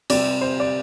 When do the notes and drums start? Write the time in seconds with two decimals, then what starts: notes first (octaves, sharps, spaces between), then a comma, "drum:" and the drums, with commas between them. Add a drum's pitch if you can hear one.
0.10 C3 G3 C4 D5, drum: cymbal
0.41 C5
0.60 D5